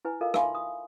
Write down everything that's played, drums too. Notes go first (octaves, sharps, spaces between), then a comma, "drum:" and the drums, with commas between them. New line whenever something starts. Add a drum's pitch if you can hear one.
E4 B4 G#5
F4 A4 A#4 D#5 F5
D#4 E5 F5 G#5 B5 C6, drum: rim click
D#6